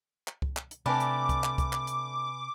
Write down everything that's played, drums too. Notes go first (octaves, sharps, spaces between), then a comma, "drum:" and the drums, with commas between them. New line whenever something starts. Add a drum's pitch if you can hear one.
drum: clap
drum: kick C2
drum: clap
drum: hi-hat
C3 A3 C4 D4 B4 G#5 B5 D6
drum: hi-hat
drum: kick C2, hi-hat
drum: clap
drum: kick C2, hi-hat
drum: clap
drum: hi-hat